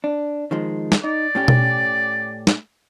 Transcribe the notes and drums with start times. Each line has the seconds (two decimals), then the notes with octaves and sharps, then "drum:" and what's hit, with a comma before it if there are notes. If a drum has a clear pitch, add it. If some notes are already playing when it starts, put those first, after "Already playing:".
0.04 D4
0.51 D#3 F3 G#3
0.92 drum: snare
1.04 D#4 D5
1.35 A2 C#4 G4
1.48 drum: tom B2
2.47 drum: snare